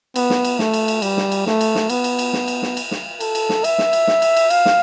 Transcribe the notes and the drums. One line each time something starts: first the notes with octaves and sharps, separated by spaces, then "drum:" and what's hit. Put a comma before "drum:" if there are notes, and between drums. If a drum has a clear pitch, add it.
B3, drum: cymbal
drum: snare
drum: cymbal
A3, drum: snare
drum: cymbal
drum: cymbal
G3, drum: cymbal
drum: snare
drum: cymbal
A3, drum: snare
drum: cymbal
drum: snare
B3, drum: cymbal
drum: cymbal
drum: cymbal
drum: snare
drum: cymbal
drum: snare
drum: cymbal
drum: snare
A4, drum: cymbal
drum: cymbal
drum: snare
E5, drum: cymbal
drum: snare
drum: cymbal
drum: snare
drum: cymbal
drum: cymbal
F5, drum: cymbal
drum: snare